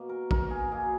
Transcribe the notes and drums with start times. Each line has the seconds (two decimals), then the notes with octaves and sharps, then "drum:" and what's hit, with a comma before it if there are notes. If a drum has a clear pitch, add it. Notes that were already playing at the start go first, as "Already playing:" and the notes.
Already playing: B2 A#3
0.09 A#4
0.31 A#4, drum: kick
0.50 G#4
0.71 B2 A#3 G#4